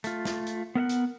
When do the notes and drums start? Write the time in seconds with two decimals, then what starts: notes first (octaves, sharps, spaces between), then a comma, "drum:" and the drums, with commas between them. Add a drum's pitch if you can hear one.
0.04 A3 F4, drum: hi-hat
0.25 drum: snare
0.47 drum: hi-hat
0.75 B3 A#4 E5 F#5
0.89 drum: hi-hat